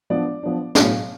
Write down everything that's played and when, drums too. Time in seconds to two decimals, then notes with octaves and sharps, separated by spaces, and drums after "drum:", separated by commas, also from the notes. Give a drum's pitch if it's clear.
0.10 F3 B3 D4 D5
0.43 F3 B3 D4
0.75 A2 F#3 B3 D4 F5, drum: snare